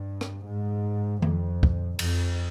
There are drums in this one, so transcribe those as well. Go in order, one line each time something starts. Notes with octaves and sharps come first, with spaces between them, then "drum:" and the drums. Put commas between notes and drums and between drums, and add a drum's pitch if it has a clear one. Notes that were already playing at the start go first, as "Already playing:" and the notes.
Already playing: G2
drum: rim click
G#2
F2, drum: tom D#3
drum: kick
F2, drum: cymbal